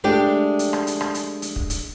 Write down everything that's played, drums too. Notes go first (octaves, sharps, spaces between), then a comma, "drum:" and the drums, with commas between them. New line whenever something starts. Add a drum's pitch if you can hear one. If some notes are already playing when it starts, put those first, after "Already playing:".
G#3 A3 D4 G4
drum: hi-hat
drum: rim click
drum: hi-hat
drum: rim click
drum: hi-hat
drum: hi-hat
drum: kick
drum: hi-hat